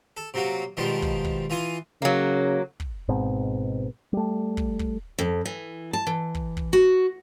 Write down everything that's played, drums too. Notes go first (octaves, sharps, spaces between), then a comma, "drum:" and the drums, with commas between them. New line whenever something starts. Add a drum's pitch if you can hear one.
A4
C3 F#3 A#3 F#4
B2 D#3 F3 G3 G#3
drum: kick
drum: kick
E3 F4 G#5 D#6
C#3 F#3 A#3
drum: kick
G#1 G#2 B2 C4
G3 A3
drum: kick
drum: kick
F2
E3
A5
E3
drum: kick
drum: kick
F#4